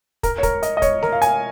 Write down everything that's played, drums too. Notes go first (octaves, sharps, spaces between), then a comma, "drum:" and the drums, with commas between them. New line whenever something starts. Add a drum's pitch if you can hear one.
A#4, drum: kick, hi-hat
C#5
A#4, drum: kick, hi-hat
D#5, drum: hi-hat
D#5
C#5, drum: kick, hi-hat
A#4, drum: snare
F5
G#5, drum: hi-hat